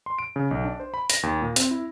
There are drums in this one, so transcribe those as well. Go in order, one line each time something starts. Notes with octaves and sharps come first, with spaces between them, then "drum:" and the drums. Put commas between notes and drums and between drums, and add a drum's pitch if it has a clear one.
C6
D7
C#3
B1
D4
C5
B5
A#6, drum: hi-hat
D#2
A#2
C4, drum: hi-hat
E4